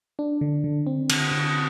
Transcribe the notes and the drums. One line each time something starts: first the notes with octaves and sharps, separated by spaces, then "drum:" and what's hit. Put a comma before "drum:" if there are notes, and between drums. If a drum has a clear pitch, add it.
D4
D3
D3
C4
D3, drum: cymbal
D3